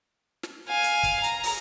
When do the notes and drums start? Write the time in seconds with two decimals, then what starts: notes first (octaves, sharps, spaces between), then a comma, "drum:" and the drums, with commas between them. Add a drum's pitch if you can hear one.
0.43 drum: snare
0.68 F5 G#5
0.83 drum: hi-hat
1.03 drum: kick, hi-hat
1.23 A#5, drum: hi-hat
1.43 drum: open hi-hat